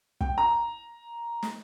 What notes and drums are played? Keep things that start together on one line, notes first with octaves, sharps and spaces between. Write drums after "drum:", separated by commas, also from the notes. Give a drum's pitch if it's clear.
G5, drum: kick
A#5
drum: snare